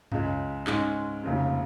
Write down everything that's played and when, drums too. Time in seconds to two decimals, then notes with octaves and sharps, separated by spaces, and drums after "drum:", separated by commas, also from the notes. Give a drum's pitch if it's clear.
0.12 C#2 C#3 G#3, drum: tom F#2
0.67 G#2 G#3 C#4, drum: clap
1.23 F1 D#2 C#3